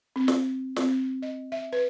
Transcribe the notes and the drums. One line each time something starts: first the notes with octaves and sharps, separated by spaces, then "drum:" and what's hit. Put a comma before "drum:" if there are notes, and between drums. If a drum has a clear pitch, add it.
C4
drum: snare
C4, drum: snare
D#5
E5
B4